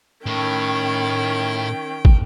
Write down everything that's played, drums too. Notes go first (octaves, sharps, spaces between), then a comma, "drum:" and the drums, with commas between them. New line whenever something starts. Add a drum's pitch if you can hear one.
A2 D#3 C#4 G5
drum: kick